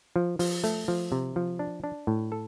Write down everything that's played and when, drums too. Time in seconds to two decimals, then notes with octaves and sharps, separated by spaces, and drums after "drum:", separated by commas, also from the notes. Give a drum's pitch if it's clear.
0.16 F3
0.39 F3, drum: open hi-hat
0.64 A3, drum: hi-hat
0.88 F3
1.12 C3
1.36 F3
1.59 D4
1.84 D4
2.07 A2
2.32 A4